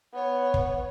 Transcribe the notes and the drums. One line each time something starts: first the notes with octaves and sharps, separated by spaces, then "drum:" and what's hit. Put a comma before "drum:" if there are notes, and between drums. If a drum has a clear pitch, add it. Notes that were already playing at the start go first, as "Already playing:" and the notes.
B3 C#5
drum: kick